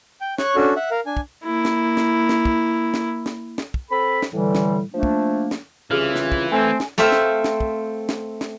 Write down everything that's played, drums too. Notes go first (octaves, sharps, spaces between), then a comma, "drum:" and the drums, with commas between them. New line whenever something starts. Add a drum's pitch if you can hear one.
G5
C#5 C#6 F#6, drum: snare
C#4 D4 F#4 A4
E5 F#5
A#4 F5
D4 G#5
drum: kick
A#3 E4
drum: snare
drum: snare
drum: snare
drum: kick
drum: snare
drum: snare
drum: snare
drum: kick
C4 A4 B5
drum: snare
A2 D3 E3 G3
drum: snare
F3 A3 A#3 D4
drum: kick
drum: snare
C2 C#3 E3 F4 G4 G#4 F6
drum: snare
drum: kick
A3 C4 G#5
drum: snare
A3 C4 C5 E5 F5
drum: snare
drum: snare
drum: kick
drum: snare
drum: snare